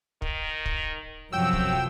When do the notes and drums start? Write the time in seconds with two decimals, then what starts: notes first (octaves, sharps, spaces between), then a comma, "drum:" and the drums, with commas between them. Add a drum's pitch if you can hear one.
0.22 D#3, drum: kick
0.66 drum: kick
1.33 F#2 C3 F3 F#3 G5 E6
1.53 drum: kick